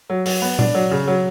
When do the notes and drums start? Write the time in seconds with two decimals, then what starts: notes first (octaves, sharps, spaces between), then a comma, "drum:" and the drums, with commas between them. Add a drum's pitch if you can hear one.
0.10 F#3
0.26 F#3, drum: open hi-hat
0.42 B3
0.59 D4, drum: tom A#2
0.74 F#3
0.91 C#3
1.07 F#3